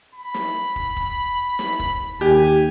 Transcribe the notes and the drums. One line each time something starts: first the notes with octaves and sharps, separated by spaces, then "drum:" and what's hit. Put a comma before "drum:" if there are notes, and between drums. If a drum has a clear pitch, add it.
B5
drum: snare
drum: kick
drum: kick
drum: snare
drum: kick
D#2 G4 G#5